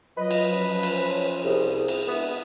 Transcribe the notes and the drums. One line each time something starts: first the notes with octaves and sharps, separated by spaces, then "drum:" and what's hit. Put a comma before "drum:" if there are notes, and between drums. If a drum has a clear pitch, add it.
F#3 F4 B4 D#5
drum: cymbal
F3 C#4 C5
drum: cymbal
C#5
C2 G#4
drum: cymbal
G#3 B3 D4 E4